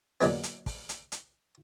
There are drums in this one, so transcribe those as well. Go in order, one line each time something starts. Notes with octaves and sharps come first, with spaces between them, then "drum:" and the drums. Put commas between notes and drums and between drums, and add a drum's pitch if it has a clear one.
A#2 D3 F#3 G#3 B3, drum: open hi-hat
drum: hi-hat
drum: kick, open hi-hat
drum: hi-hat
drum: hi-hat